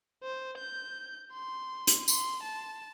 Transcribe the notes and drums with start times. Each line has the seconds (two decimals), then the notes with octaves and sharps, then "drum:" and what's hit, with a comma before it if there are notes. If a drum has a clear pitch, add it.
0.23 C5
0.58 G6
1.33 C6
1.87 drum: hi-hat
2.08 C6, drum: tambourine
2.43 A5